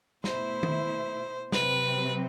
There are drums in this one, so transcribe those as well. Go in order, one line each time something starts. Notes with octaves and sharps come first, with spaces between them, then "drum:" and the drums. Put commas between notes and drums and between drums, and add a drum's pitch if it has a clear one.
B2 A3 E4 C5, drum: snare
drum: tom D#3
C3 F#3 C4 B4, drum: snare